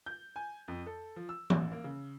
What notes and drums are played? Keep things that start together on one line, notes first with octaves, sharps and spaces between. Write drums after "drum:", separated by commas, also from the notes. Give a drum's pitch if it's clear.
G6
G#5
F2
A4
F3
E6
A1, drum: tom E3
A#3
C#3